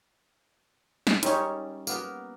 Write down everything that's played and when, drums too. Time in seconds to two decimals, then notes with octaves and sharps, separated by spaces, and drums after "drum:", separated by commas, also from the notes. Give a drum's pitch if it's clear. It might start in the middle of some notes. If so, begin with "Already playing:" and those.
1.07 drum: snare
1.23 G3 C#4 D#4 C#5, drum: hi-hat
1.87 A#3 B3 A#4, drum: tambourine